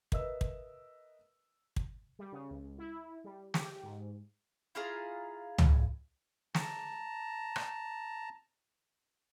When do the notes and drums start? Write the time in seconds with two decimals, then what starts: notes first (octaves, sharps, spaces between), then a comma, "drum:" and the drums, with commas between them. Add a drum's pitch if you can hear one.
0.12 A#4 B4 D#5 E5 E6, drum: kick
0.41 drum: kick
1.76 drum: kick
2.19 G3
2.32 C#3
2.50 C#2
2.78 E4
3.24 G3
3.54 G4, drum: snare
3.83 G#2
4.75 E4 F4 G#4 A#5
5.58 drum: tom C#2
6.55 A5 A#5, drum: snare
7.56 drum: rim click